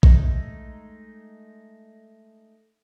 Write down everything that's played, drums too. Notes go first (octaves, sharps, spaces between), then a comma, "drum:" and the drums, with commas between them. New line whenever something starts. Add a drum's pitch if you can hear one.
G#3 A3 D#4 C#6, drum: kick A#1